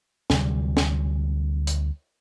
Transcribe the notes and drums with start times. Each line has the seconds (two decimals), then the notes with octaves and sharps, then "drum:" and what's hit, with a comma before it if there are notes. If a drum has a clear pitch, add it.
0.30 D2 C3 F#3 G3, drum: snare
0.77 drum: snare
1.67 drum: hi-hat